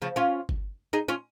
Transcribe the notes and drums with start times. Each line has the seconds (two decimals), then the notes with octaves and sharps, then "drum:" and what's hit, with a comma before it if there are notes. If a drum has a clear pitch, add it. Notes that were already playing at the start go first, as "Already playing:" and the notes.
0.02 C#3 F3
0.16 C#4 F4
0.49 drum: kick G1
0.93 D#4 G#4
1.08 C#4 F4